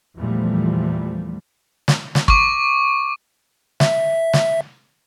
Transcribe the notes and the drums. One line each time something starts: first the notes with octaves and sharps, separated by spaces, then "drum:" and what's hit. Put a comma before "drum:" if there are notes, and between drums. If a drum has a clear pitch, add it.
E2 A#2 E3 F3 G3 A3
drum: snare
drum: snare
C#6 D6, drum: kick
E5, drum: snare
drum: snare